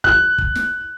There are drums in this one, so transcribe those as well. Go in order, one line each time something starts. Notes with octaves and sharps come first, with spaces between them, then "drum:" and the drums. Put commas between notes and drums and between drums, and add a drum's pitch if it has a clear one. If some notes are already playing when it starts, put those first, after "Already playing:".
F#6, drum: kick
drum: kick
drum: snare